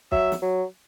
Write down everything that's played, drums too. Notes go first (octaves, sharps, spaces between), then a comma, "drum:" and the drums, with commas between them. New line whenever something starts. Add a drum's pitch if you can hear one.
F#3 E5, drum: kick
drum: snare
F#3